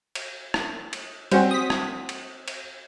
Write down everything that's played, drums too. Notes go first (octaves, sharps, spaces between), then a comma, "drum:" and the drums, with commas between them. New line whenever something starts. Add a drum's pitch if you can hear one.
drum: cymbal
drum: rim click
drum: cymbal
G3 C4 C#4 F#4 C5, drum: cymbal
D#6 B6
drum: rim click
drum: cymbal
drum: cymbal